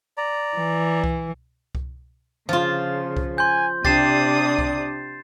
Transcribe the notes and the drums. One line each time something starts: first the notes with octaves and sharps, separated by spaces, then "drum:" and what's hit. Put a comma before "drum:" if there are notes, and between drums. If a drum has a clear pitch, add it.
D5 A#5
E3
drum: kick C2
drum: kick C2
C#3 F3 F4
drum: kick C2
G#5 C6 G6
C3 D4 G4 D5 D#6 A6 C7 E7, drum: kick C2
drum: kick C2